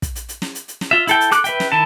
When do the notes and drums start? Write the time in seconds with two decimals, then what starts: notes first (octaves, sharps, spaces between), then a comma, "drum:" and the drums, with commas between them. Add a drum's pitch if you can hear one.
0.02 drum: kick, hi-hat
0.15 drum: hi-hat
0.29 drum: hi-hat
0.42 drum: snare
0.55 drum: hi-hat
0.68 drum: hi-hat
0.81 drum: snare
0.91 F4 E5
1.07 E4 A4 G5, drum: hi-hat
1.21 drum: hi-hat
1.31 A4 D6 F#6, drum: hi-hat
1.44 B4 E5 G5, drum: hi-hat
1.60 drum: snare
1.72 D#3 E4 A5